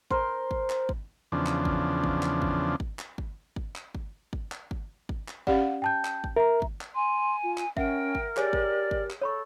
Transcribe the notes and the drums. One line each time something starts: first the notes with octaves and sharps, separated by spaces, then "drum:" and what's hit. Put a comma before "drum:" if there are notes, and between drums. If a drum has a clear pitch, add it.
A#4 C5, drum: kick
drum: kick
drum: clap
drum: kick
E2 C#3 F3 D4
drum: clap
drum: kick
drum: kick
drum: clap
drum: kick
drum: kick
drum: clap
drum: kick
drum: kick
drum: clap
drum: kick
drum: kick
drum: clap
drum: kick
drum: kick
drum: clap
C#4 G4 D5 F5 F#5, drum: kick
G5 A5 G6
drum: clap
drum: kick
A#4 E5 A#5
drum: kick
drum: clap
G#5 C6
F4
drum: clap
C#4 A#4 E5 F#5 G5, drum: kick
drum: kick
G4 G#4 C#5 D5 G#5, drum: clap
drum: kick
drum: kick
drum: clap
A4 C#5 B5 C#6